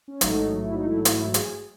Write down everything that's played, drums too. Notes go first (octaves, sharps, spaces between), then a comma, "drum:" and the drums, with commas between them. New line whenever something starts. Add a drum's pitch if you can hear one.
C#4
A1 G#2 F#3 A3 D#4, drum: hi-hat
E4
D#4
E4
E4, drum: hi-hat
G#4, drum: hi-hat